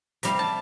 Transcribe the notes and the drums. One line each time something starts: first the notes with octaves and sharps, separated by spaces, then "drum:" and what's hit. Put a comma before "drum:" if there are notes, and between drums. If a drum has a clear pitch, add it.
C3 G3 F5, drum: hi-hat
A5